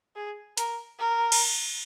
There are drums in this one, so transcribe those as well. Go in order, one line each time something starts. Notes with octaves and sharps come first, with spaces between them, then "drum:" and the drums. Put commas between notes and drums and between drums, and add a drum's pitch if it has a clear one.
G#4
A#4, drum: hi-hat
A#4
drum: cymbal